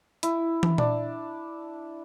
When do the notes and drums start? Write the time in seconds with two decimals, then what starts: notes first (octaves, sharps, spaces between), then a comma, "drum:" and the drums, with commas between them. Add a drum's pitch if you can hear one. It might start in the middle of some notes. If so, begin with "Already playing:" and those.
0.23 E4, drum: hi-hat
0.63 drum: tom
0.78 D4, drum: tom A#2